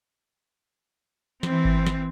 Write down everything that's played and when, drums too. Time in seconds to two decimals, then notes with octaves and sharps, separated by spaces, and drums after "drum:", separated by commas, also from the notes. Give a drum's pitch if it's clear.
1.43 E3 C4, drum: snare
1.65 drum: kick G#1
1.87 drum: snare